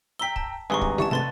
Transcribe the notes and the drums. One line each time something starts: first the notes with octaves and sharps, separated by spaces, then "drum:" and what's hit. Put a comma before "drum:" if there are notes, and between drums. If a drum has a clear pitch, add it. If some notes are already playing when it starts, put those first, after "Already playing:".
G5 A#5 E6 B6 G7
A5, drum: kick
G#1 G2 G#4 B4 G#5 A#5 C6 C#6
drum: kick
C#3 E3 E4 G4 D5 A5 C#6, drum: snare G#3
B1 C3 A3 B4 A5 C6 A6